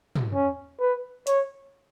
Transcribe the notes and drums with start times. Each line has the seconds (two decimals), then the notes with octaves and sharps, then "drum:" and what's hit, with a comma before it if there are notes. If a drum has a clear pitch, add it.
0.15 drum: tom
0.34 C#4
0.80 B4
1.27 C#5, drum: hi-hat